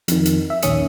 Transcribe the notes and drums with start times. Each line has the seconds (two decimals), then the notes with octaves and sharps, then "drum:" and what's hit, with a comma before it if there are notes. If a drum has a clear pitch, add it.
0.08 F2 D#3, drum: hi-hat
0.26 drum: hi-hat
0.50 E5
0.62 A#1 D#2 D#3 C#4 D#6 C#7, drum: hi-hat